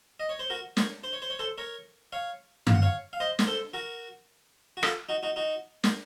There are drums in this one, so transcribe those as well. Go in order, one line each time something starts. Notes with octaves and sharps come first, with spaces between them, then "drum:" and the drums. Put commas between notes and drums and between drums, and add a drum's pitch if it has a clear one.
D#5
C#5
C5
F#4 A#4
A#4 C#5, drum: snare
C5
C#5
C5
C#5
A4 C5
A#4 C#5
C#5 F5
F5, drum: tom G2
F#5
C#5 F5
F5
C5 D#5
A#4, drum: snare
A4 C5
F#4 A#4
F#4
F4 A4, drum: rim click
D#4 F#4
D#4 F#4
D#4 F#4
A#4, drum: snare